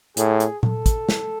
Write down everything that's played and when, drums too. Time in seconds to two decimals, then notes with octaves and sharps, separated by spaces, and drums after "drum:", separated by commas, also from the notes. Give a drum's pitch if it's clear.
0.17 A2 G#4, drum: hi-hat
0.40 drum: hi-hat
0.63 A4, drum: tom A#2
0.86 drum: kick, hi-hat
1.09 drum: snare